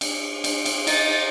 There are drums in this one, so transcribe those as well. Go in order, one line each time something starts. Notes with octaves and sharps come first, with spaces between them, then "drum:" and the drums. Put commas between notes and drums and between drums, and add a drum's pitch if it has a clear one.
drum: cymbal
drum: cymbal
drum: cymbal
D#4 A6, drum: cymbal